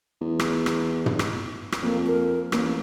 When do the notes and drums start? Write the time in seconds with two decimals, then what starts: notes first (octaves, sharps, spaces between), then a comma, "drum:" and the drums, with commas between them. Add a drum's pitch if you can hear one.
0.21 E2
0.39 drum: rim click
0.66 drum: rim click
1.06 drum: tom
1.19 drum: rim click
1.72 drum: rim click
1.83 F2 A#3
2.07 A#4
2.52 A1 A#3, drum: rim click